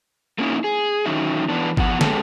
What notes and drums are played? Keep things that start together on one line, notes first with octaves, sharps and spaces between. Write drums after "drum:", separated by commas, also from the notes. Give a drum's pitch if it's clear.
A3 A#3 C#4 D#4 E4
G#4
E2 D#3 F#3 C#4 D#4 E5
E3 B3 D4
E2 F3 B3 F#5, drum: kick
G#3 B3 C#4 G4 A4, drum: snare